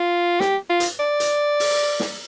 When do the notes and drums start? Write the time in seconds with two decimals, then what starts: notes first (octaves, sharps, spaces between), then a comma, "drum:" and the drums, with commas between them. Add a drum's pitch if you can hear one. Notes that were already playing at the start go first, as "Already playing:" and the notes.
Already playing: F4
0.40 G4, drum: snare
0.70 F4
0.80 drum: hi-hat
0.99 D5
1.20 drum: hi-hat
1.60 drum: open hi-hat
2.00 drum: snare